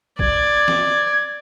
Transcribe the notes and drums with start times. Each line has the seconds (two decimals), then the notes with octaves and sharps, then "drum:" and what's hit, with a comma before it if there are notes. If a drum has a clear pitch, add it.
0.19 D5 G#6, drum: kick
0.68 drum: snare